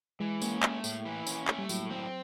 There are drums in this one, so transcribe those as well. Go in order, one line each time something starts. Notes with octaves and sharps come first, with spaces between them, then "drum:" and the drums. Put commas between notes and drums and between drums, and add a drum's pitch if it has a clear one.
E3 G#3
A#3 C#4, drum: tambourine
A3, drum: clap
A2, drum: tambourine
E3
C#4, drum: tambourine
A3, drum: clap
G3
A2 F#3, drum: tambourine
F#3
F#3 C4